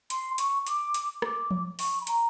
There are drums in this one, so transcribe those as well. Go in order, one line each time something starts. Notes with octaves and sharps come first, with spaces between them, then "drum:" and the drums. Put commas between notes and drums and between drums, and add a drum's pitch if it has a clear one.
C6, drum: hi-hat
C#6, drum: hi-hat
D6, drum: hi-hat
drum: hi-hat
D6, drum: rim click
drum: tom F3
C#6, drum: open hi-hat
B5
A#5, drum: hi-hat